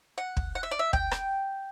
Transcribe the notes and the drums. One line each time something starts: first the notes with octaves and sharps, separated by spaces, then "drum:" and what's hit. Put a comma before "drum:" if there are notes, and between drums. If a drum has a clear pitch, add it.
F#5
drum: kick
F#5
E5
D5
E5
G5, drum: kick
drum: rim click